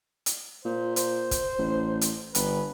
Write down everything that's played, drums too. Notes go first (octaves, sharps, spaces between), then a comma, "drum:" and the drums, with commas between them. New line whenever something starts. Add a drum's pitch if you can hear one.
drum: hi-hat
A#2 C5
C5, drum: hi-hat
drum: kick, hi-hat
A1
drum: hi-hat
G1 B4, drum: hi-hat